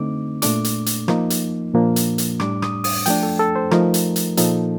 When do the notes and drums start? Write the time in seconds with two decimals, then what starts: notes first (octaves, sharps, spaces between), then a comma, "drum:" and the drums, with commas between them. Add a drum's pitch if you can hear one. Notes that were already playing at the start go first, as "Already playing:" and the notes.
Already playing: D3 A3 C4 D#4 D6
0.42 A#2 A3 D4 D6, drum: hi-hat
0.64 drum: hi-hat
0.86 drum: hi-hat
1.08 F3 A#3 D#4, drum: rim click
1.30 drum: hi-hat
1.74 A#2 F3 A#3 D4
1.96 drum: hi-hat
2.18 drum: hi-hat
2.40 A2 G3 D4 D6, drum: rim click
2.62 D#6, drum: rim click
2.84 D#6, drum: open hi-hat
3.06 F3 A3 D4 G5, drum: hi-hat
3.23 A4
3.39 A4
3.56 C5
3.71 F3 A3 D#4 A#4, drum: rim click
3.94 drum: hi-hat
4.16 drum: hi-hat
4.37 A#2 F3 A#3 D#4 A4, drum: hi-hat